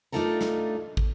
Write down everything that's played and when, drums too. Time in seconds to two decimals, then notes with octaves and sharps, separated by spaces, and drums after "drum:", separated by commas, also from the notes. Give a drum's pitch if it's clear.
0.12 A3 D4 D#4 F4 A4 A#4
0.41 drum: snare
0.97 drum: kick